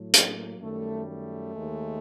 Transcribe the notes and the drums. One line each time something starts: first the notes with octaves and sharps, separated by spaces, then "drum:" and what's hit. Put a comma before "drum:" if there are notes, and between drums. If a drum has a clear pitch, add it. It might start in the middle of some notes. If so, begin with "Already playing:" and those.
Already playing: A2 F#3 A3
A#3, drum: hi-hat
F#2 D#3 G3 A3
A3
D#2 D#3 G#3